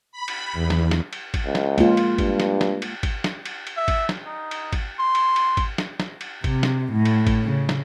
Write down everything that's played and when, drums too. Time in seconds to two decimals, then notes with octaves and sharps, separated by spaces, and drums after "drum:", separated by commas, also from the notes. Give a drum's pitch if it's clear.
0.12 B5
0.28 drum: cymbal
0.53 E2
0.70 drum: snare
0.91 drum: snare
1.13 drum: cymbal
1.34 drum: kick G#1, cymbal
1.46 C#2
1.55 drum: snare
1.78 G#3 A#3 F4, drum: cymbal
1.97 drum: cymbal
2.18 G2, drum: kick G#1, cymbal
2.40 drum: snare
2.61 drum: snare
2.82 drum: cymbal
3.03 drum: kick G#1, cymbal
3.24 drum: snare
3.45 drum: cymbal
3.67 drum: cymbal
3.77 E5
3.88 drum: kick G#1, cymbal
4.09 drum: snare
4.26 D#4
4.51 drum: cymbal
4.73 drum: kick G#1, cymbal
5.00 C6
5.15 drum: cymbal
5.36 drum: cymbal
5.57 drum: kick G#1, cymbal
5.78 drum: snare
6.00 drum: snare
6.21 drum: cymbal
6.44 C3, drum: kick G#1, cymbal
6.63 drum: snare
6.93 A2
7.05 drum: cymbal
7.27 drum: kick G#1, cymbal
7.44 C#3
7.69 drum: snare